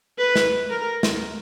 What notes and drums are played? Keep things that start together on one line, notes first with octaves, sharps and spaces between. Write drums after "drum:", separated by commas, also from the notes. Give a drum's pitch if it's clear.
B4
drum: snare
A#4
drum: snare